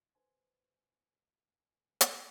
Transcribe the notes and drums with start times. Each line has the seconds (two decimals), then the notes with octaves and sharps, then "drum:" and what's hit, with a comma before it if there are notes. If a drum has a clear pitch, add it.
0.15 B4 C5 G#5
2.01 drum: hi-hat